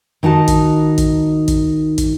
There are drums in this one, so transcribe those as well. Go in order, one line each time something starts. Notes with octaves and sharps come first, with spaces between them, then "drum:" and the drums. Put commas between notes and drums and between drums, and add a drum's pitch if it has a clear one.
D#3 D#4 F#4 A5
drum: kick, hi-hat
drum: kick, hi-hat
drum: kick, hi-hat
drum: kick, hi-hat